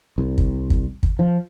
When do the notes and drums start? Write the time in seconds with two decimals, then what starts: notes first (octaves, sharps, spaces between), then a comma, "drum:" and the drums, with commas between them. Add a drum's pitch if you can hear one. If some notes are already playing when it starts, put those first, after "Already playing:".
0.18 C2
0.38 drum: kick
0.70 drum: kick
1.03 drum: kick
1.19 F3